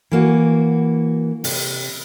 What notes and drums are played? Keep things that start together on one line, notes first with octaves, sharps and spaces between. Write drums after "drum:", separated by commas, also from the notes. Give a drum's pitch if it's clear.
E3 A#3 F#4
C3, drum: open hi-hat